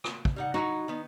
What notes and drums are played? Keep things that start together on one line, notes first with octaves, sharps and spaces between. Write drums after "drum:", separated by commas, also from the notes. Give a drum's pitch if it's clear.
drum: rim click
drum: kick
G3 D#4 F#5
F#3 D#4 E4 F#4
D#3 B3